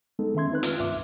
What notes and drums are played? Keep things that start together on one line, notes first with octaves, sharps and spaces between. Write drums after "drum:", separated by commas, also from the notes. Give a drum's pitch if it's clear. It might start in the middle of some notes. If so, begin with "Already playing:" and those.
G#3 B3 D#4 A4
D#3 C#4 E5 C6 G#6
C4 D#4 B4 F#6
F4 F6, drum: hi-hat
C2 G2 E5 D6